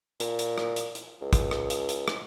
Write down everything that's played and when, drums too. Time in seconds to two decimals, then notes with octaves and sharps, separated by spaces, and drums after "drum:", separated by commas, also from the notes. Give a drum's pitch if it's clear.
0.20 A#2, drum: hi-hat
0.39 drum: hi-hat
0.58 drum: rim click
0.76 drum: hi-hat
0.95 drum: hi-hat
1.22 C#2
1.33 drum: kick, hi-hat
1.51 drum: rim click
1.70 drum: hi-hat
1.89 drum: hi-hat
2.08 drum: rim click